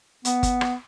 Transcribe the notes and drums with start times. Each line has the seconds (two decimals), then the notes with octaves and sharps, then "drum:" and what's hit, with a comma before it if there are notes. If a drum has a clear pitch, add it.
0.25 B3, drum: hi-hat
0.43 drum: kick G1, hi-hat
0.61 drum: rim click